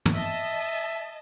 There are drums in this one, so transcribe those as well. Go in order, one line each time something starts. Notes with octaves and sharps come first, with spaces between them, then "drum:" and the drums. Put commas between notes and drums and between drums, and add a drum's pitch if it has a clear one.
drum: tom
D#5 E5 A5